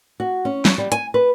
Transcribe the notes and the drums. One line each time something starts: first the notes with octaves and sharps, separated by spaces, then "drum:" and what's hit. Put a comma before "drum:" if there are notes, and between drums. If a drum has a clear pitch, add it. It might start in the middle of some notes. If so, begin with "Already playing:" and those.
F#4
C#4
drum: snare
G3
G#5, drum: hi-hat
B4